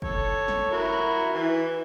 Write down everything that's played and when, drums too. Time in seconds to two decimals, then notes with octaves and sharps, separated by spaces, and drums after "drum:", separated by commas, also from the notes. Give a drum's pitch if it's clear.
0.02 A4 C#5, drum: kick
0.48 drum: snare
0.71 E4 F#4 A#4
1.33 E3